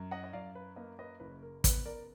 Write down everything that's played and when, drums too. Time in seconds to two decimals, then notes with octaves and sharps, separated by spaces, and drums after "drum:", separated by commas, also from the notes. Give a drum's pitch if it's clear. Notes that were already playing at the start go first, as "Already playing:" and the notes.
Already playing: F#2
0.11 D#5 F#5
0.24 D#5
0.33 F#2 D5 F5
0.55 B4
0.76 A#3 B4 D#5
0.99 B4 D#5
1.20 F#1 B4
1.43 A#4
1.64 B3 B4, drum: kick, hi-hat
1.86 A#4 D5